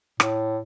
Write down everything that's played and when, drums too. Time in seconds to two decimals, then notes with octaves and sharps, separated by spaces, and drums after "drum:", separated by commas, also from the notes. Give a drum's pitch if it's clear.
0.20 A2, drum: rim click